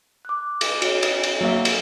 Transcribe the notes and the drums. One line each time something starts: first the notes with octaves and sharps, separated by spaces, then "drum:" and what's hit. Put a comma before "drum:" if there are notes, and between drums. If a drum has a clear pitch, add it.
D6 F#6
drum: cymbal
F#4 C#5 D#5, drum: cymbal
drum: cymbal
drum: cymbal
F#3 A#3 E5
drum: cymbal